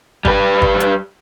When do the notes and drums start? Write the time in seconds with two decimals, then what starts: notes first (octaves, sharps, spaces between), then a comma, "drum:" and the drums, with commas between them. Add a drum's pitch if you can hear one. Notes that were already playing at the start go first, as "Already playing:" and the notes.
0.25 G3 B4, drum: kick G1
0.62 drum: kick G1
0.80 drum: hi-hat